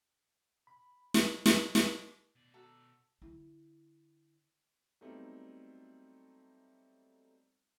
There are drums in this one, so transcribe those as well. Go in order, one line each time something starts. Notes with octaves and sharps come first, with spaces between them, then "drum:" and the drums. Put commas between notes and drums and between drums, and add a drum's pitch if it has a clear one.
B5
drum: snare
drum: snare
F5 D6, drum: snare
B2 D5
F#4 A4 A#5
D3 E4
F#3 G3 A3 B3 C4 D#4